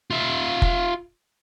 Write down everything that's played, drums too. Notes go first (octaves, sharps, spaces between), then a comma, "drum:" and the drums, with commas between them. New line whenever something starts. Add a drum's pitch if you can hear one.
F4 E5
drum: kick F1